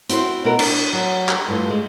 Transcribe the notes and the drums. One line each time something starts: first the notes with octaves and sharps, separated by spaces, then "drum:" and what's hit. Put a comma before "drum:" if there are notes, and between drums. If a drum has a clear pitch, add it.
C4 E4 F#4 C5, drum: hi-hat
B2 E4 F#4 A#4
D4, drum: cymbal
F#3
drum: clap
G2 A3 F4
G#3